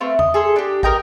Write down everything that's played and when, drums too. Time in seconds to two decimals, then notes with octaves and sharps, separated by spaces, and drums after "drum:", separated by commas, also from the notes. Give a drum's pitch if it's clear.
0.01 A3 C4 B4 F5
0.19 D#5, drum: tom E2
0.34 G#4 A4 C6
0.56 D4 G4
0.83 A#4 D#5 G5 A#5, drum: kick